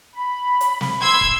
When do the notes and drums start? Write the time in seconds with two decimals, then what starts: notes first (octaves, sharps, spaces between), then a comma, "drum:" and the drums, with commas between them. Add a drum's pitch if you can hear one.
0.14 B5
0.61 drum: hi-hat
0.81 drum: snare
1.01 C6 E6 G#6
1.21 drum: kick